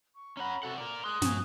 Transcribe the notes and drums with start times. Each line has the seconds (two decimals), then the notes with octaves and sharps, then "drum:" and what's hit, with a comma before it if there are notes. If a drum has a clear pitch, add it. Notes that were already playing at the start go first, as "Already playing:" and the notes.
0.15 C#6
0.37 C#4 F#5 A#5 B5 C#6
0.63 C3 F#4 A4 F#5 C#6
0.78 A#4 D5 F6
1.04 G#4 C6 D#6 F#6
1.22 G2 A#2 F3 F#4 G#5, drum: snare